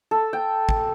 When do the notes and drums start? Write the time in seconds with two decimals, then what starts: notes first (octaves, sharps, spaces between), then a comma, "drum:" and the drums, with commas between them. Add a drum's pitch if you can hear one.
0.11 A4
0.33 G5
0.69 drum: kick